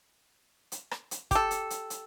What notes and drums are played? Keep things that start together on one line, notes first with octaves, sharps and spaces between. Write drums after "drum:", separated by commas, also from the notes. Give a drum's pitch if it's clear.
drum: hi-hat
drum: rim click
drum: hi-hat
G4 A4, drum: kick, hi-hat
drum: hi-hat
drum: hi-hat
drum: hi-hat